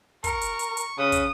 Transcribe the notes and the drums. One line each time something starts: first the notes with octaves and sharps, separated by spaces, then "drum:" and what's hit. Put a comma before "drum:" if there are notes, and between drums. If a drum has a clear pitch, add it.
A#4 C#6, drum: kick, hi-hat
drum: hi-hat
drum: hi-hat
drum: hi-hat
C#3 B4 D#6
drum: kick, hi-hat